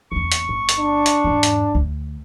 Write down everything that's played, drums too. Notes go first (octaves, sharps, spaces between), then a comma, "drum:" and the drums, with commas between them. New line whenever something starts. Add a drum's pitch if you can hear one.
F#1 E2 C#6
drum: hi-hat
G1
drum: hi-hat
D4
drum: hi-hat
E2 G#2
drum: hi-hat
D2